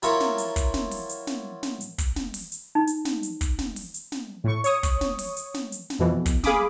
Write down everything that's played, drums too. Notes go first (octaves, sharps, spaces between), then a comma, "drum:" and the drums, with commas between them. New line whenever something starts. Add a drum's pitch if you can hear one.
F#3 E4 F4 A4 A#4 C#5, drum: hi-hat
drum: snare
drum: hi-hat
drum: kick, hi-hat
drum: snare
drum: open hi-hat
drum: hi-hat
drum: snare
drum: snare
drum: hi-hat
drum: kick, hi-hat
drum: snare
drum: open hi-hat
drum: hi-hat
D#4
drum: hi-hat
drum: snare
drum: hi-hat
drum: kick, hi-hat
drum: snare
drum: open hi-hat
drum: hi-hat
drum: snare
A2 C#6
C#5 C#6 D#6, drum: hi-hat
drum: kick, hi-hat
drum: snare
drum: open hi-hat
drum: hi-hat
drum: snare
drum: hi-hat
drum: snare
F2 B2 E3
drum: kick, hi-hat
G#4 F5 G#5 B5 D6 D#6, drum: snare